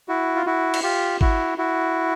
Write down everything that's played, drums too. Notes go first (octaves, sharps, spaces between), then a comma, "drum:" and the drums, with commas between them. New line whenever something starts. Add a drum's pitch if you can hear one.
E4 F#4
F4
E4 F#4
drum: cymbal
F4 G4
E4 F#4, drum: kick
E4 F#4